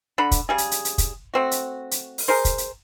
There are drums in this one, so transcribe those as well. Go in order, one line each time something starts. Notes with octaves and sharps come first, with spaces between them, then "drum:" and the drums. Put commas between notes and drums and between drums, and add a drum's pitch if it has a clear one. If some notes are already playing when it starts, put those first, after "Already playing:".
D3 D4 B5
drum: kick, hi-hat
C#3 G3 G#4
drum: hi-hat
drum: hi-hat
drum: hi-hat
drum: kick, hi-hat
A3 C4 F#4
drum: hi-hat
drum: hi-hat
drum: open hi-hat
G#4 A#4 C5
drum: kick, hi-hat
drum: hi-hat